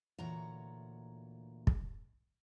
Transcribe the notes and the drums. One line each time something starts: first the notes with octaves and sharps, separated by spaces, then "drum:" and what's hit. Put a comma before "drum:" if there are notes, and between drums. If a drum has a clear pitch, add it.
D2 A#2 E3 C#5 F#5 A#5
drum: kick